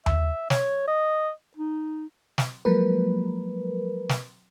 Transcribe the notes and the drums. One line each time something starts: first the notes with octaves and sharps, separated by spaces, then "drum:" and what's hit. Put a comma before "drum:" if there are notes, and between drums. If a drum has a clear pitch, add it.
E5, drum: tom D#2
C#5, drum: snare
D#5
D#4
drum: snare
F3 F#3 G#3 A#3 A#4 B4
drum: snare